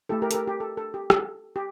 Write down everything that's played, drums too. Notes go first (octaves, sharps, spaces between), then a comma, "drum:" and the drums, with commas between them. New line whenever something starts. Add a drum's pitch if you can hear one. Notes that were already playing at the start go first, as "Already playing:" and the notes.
A3 E4 G4 A4
G4 A#4
A4, drum: hi-hat
G4 A#4
G4
A4
A4
G4
A4, drum: rim click
G4